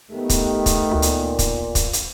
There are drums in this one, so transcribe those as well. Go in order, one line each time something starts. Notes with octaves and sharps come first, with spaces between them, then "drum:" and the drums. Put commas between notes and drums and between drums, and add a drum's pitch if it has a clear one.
D#3 A3 B3 G4
drum: kick C#1, hi-hat
drum: kick C#1, hi-hat
D2 A#2
drum: hi-hat
drum: kick C#1, hi-hat
drum: kick C#1, hi-hat
drum: hi-hat